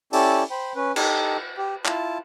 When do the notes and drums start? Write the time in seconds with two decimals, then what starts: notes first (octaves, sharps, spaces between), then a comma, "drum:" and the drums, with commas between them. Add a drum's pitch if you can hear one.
0.13 C#4 E4 G4 A4 D5 A5, drum: open hi-hat
0.51 C5 G5 B5
0.76 C#4 B4
0.96 D#4 G4 A4, drum: cymbal
1.57 G4
1.85 E4 F4 A5, drum: clap